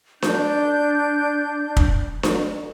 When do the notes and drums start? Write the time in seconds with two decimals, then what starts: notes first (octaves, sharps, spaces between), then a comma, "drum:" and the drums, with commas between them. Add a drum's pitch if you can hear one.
0.22 D4 G6, drum: snare D4
1.77 drum: kick
2.23 drum: snare D4